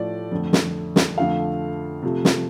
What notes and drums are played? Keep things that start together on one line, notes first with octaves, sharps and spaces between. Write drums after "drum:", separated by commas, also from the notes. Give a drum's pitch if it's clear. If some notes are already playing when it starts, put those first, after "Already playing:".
Already playing: A2 F3 A3 D5
F2 D3 A3
drum: snare
drum: snare
F2 D3 F3 A3 F5
C3 F3 A3
drum: snare